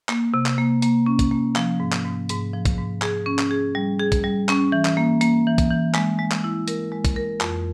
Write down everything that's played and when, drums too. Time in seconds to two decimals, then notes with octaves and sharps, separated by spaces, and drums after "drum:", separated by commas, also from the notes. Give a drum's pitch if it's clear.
0.09 A#3, drum: clap
0.34 C3
0.46 drum: clap
0.58 A#3
0.82 A#3, drum: hi-hat
1.06 C#4
1.19 drum: kick, hi-hat
1.31 A#3
1.56 F3, drum: clap
1.80 G#2
1.92 drum: clap
2.04 G#2
2.29 G#2, drum: hi-hat
2.54 F3
2.65 drum: kick, hi-hat
2.78 G#2
3.02 G#4, drum: clap
3.26 C#4
3.39 drum: clap
3.51 G#4
3.75 G3
3.99 G#4
4.12 drum: kick, hi-hat
4.24 G3
4.49 C#4, drum: clap
4.72 E3
4.85 drum: clap
4.97 A#3
5.21 A#3, drum: hi-hat
5.47 E3
5.58 drum: kick, hi-hat
5.70 E3
5.94 G#3, drum: clap
6.19 G#3
6.31 drum: clap
6.44 E4
6.68 A#4, drum: hi-hat
6.92 G#3
7.05 drum: kick, hi-hat
7.16 A#4
7.41 F2, drum: clap